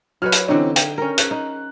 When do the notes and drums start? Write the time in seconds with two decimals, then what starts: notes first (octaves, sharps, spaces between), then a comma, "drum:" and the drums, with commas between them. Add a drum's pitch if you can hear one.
0.22 F#3 B4 C#5 F6
0.32 drum: hi-hat
0.48 D3 E3 C4 C#4 D#4
0.76 G5, drum: hi-hat
0.98 C#4 A#4
1.18 F#6, drum: hi-hat
1.31 D#4